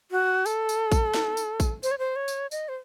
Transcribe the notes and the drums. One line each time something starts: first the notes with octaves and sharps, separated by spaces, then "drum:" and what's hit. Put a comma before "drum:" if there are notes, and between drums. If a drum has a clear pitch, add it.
F#4
A4, drum: tambourine
drum: tambourine
drum: kick, tambourine
drum: snare
drum: tambourine
drum: kick, tambourine
C5, drum: tambourine
C#5
C5
C#5
drum: tambourine
D#5, drum: tambourine
C5